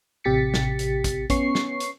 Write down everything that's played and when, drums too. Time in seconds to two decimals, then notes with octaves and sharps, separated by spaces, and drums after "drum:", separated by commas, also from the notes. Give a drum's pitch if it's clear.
0.24 A1 C3 G4 A6 B6 C#7
0.54 drum: snare
0.79 drum: hi-hat
1.04 drum: kick A1, hi-hat
1.30 B3 C#4 C#6 C7, drum: kick A1, hi-hat
1.55 drum: snare
1.80 drum: hi-hat